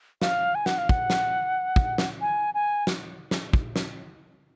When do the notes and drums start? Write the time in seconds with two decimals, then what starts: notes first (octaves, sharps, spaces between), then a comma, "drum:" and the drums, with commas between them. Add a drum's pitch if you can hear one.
0.22 F5, drum: snare
0.55 G#5
0.66 F#5, drum: snare
0.78 F5
0.89 F#5, drum: kick
1.10 drum: snare
1.76 drum: kick
1.98 drum: snare
2.21 G#5
2.54 G#5
2.87 drum: snare
3.31 drum: snare
3.53 drum: kick
3.76 drum: snare